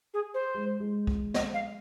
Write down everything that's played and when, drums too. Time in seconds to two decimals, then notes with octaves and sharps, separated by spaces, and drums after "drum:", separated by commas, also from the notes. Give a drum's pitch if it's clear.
0.14 G#4
0.34 C5
0.55 G#3
0.80 G#3
1.07 drum: kick
1.34 D#5, drum: snare
1.54 F5